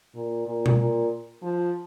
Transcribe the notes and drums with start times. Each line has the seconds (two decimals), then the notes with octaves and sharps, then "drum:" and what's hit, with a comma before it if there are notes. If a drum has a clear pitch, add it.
0.15 A#2
0.46 A#2
0.66 drum: tom B2
0.78 A#2
1.42 F3